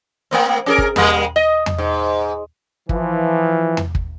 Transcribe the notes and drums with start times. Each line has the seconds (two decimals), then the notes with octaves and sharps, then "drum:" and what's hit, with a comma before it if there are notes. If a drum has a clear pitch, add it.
0.31 A3 A#3 C4
0.66 C#4 G#4 A#4
0.78 drum: kick
0.96 G3 G#3 A#3, drum: tom E2
1.36 D#5
1.66 drum: tom E2
1.78 G#2
2.89 E3 F3, drum: kick
3.77 drum: tom E2
3.95 drum: kick